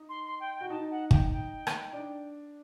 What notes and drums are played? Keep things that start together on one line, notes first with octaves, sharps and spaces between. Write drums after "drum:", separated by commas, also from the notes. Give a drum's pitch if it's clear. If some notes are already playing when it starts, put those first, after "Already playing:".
Already playing: D#4
C6
C6
G5
G5
F#4
D#4 A5
F#5
G5, drum: kick
G5
drum: rim click
D4